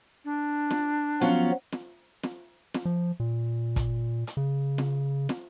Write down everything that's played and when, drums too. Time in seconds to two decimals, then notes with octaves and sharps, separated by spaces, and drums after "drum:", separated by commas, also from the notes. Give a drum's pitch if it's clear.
0.25 D4
0.71 drum: snare
1.21 F3 F#3 B3 C#4 F4, drum: snare
1.72 drum: snare
2.23 drum: snare
2.74 drum: snare
2.85 F3
3.20 A#2
3.76 drum: kick, hi-hat
4.27 drum: hi-hat
4.37 C#3
4.78 drum: snare
5.29 drum: snare